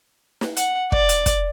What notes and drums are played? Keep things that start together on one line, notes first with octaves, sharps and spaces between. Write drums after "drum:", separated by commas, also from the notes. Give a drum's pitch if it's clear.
drum: snare
F#5, drum: hi-hat
D5, drum: kick
drum: hi-hat
drum: kick, hi-hat